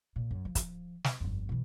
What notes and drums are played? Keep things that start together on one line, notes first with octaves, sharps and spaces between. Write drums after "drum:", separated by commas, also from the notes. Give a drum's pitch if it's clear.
A#2
F#2
F3
drum: kick, hi-hat
drum: snare
G1 F2
B2 E3